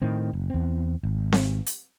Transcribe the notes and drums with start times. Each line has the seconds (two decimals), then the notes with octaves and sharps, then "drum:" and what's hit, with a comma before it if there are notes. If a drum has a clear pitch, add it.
0.02 A2 D#3 C4
0.33 F#1
0.50 E2 C4
1.03 G#1
1.32 drum: snare C4
1.66 drum: hi-hat